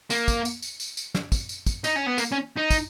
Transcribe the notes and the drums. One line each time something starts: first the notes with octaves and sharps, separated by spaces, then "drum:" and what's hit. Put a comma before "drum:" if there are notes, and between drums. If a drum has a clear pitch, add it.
A#3, drum: tambourine
drum: kick, tambourine
drum: tambourine
drum: tambourine
drum: tambourine
drum: tambourine
drum: snare
drum: kick, tambourine
drum: tambourine
drum: kick, tambourine
D#4, drum: tambourine
C#4
B3
A#3, drum: tambourine
C#4
D#4
drum: kick, tambourine